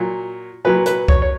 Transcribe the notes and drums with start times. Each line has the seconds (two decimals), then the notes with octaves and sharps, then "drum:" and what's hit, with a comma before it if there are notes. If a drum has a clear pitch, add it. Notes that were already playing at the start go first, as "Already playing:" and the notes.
Already playing: A#2 F#3
0.65 A#2 F#3 B4
0.86 B4, drum: hi-hat
1.08 C#5, drum: kick C2
1.22 C#5